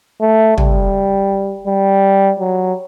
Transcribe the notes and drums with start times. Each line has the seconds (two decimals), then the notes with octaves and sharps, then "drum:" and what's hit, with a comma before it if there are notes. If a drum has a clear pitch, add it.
0.21 A3
0.58 G3, drum: tom
1.67 G3
2.40 F#3